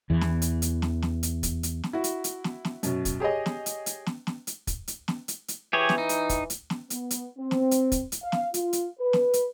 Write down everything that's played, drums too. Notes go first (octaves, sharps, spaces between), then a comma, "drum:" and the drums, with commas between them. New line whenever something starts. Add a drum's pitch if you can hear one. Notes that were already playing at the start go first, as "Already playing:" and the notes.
E2 E3
drum: snare
drum: hi-hat
drum: hi-hat
drum: snare
drum: snare
drum: hi-hat
drum: kick, hi-hat
drum: hi-hat
drum: snare
E4 F#4
drum: hi-hat
drum: hi-hat
drum: snare
drum: snare
F#2 B2, drum: hi-hat
drum: kick, hi-hat
G4 G#4 C#5 D#5
drum: snare
drum: hi-hat
drum: hi-hat
drum: snare
drum: snare
drum: hi-hat
drum: kick, hi-hat
drum: hi-hat
drum: snare
drum: hi-hat
drum: hi-hat
E3 G4 G#4 C#5
drum: snare
D#4
drum: hi-hat
drum: kick, hi-hat
drum: hi-hat
drum: snare
B3, drum: hi-hat
drum: hi-hat
C4
drum: snare
drum: hi-hat
drum: kick, hi-hat
drum: hi-hat
F5
drum: snare
F4, drum: hi-hat
drum: hi-hat
B4
drum: snare
drum: hi-hat